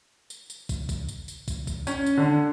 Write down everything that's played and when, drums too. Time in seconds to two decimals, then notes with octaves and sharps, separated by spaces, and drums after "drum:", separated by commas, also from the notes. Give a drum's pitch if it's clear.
0.30 drum: tambourine
0.50 drum: tambourine
0.69 drum: kick, tambourine
0.89 drum: kick, tambourine
1.09 drum: tambourine
1.28 drum: tambourine
1.48 drum: kick, tambourine
1.67 drum: kick, tambourine
1.87 C#4, drum: tambourine
2.06 drum: tambourine
2.17 D3